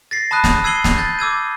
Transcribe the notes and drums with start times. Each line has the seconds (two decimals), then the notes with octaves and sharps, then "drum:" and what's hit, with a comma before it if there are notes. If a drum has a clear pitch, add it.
0.11 A6 A#6 C7
0.31 A5 B5 D#6 F#6 D#7
0.44 drum: snare
0.64 E6 G#6 C7 D#7 F#7 G7
0.84 drum: snare
0.98 G6 A6
1.19 D6 E6 G#6 D#7